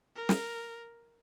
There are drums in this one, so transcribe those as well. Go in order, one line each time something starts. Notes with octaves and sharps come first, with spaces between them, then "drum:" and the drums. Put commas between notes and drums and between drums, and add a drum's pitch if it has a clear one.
A#4
drum: snare